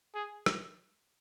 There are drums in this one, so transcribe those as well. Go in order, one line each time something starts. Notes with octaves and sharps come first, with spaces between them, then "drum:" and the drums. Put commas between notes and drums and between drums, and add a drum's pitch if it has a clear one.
G#4
drum: rim click